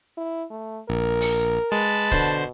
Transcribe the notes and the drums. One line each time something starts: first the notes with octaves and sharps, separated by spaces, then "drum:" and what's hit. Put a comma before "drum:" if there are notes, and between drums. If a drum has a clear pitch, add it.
E4
A3
A#1 A#4
drum: open hi-hat
G#3 B4 A5
B2 D3 C5, drum: kick